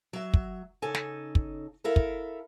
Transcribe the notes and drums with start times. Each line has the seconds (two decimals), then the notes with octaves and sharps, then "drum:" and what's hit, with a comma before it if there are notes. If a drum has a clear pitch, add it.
0.13 F#3 E5
0.34 drum: kick
0.82 C#3 D#4 A4 G#5
0.94 drum: snare
1.35 drum: kick
1.84 E4 A4 A#4 E5 F5
1.96 drum: kick